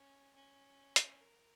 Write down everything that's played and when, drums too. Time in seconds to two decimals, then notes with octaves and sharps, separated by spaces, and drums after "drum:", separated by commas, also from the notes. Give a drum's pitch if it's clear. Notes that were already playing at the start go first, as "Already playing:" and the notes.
Already playing: C#4
0.35 C#4
0.96 drum: hi-hat
1.20 A#4